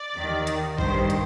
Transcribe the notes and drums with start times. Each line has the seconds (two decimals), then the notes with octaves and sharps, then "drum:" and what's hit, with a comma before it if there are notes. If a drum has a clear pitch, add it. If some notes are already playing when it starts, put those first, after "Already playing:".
Already playing: D5
0.15 D#2 D#3
0.47 drum: hi-hat
0.78 G2 D#3 C5, drum: kick A#1
1.10 drum: hi-hat